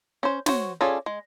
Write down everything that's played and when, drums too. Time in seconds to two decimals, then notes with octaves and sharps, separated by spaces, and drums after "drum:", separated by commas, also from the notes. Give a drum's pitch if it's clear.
0.23 C#4 C5
0.46 F#4 C5 C#5, drum: snare
0.81 C#4 F4 G#4 A4 D5
1.06 G#3